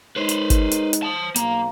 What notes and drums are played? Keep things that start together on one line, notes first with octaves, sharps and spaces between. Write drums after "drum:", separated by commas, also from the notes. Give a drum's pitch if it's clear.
G#3 D#4 B4 C5
drum: hi-hat
drum: kick G1, hi-hat
drum: hi-hat
drum: hi-hat
C5 A5
B1 A#3 F5 A#5, drum: hi-hat